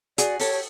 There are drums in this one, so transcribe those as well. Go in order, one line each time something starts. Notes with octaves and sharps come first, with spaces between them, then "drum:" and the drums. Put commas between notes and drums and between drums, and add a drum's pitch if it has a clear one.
F#4 G#4 D5, drum: hi-hat
G4 A4 C#5, drum: open hi-hat